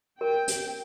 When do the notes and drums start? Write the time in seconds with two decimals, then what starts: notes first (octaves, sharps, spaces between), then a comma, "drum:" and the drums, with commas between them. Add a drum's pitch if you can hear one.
0.21 A#4 G5
0.48 drum: hi-hat